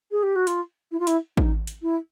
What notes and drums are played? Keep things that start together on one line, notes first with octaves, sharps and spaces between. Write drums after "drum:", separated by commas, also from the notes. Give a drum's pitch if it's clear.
G#4
G4
F#4
F4, drum: hi-hat
E4
F4
E4, drum: hi-hat
D#4, drum: kick
drum: hi-hat
E4